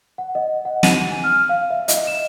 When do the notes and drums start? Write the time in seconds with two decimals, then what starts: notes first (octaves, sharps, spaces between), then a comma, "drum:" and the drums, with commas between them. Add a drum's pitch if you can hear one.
0.18 F#5
0.35 D#5
0.65 F#5
0.83 D#7, drum: snare
1.10 G#5
1.24 F6
1.49 F5
1.71 E5
1.88 D#5, drum: hi-hat
2.07 E7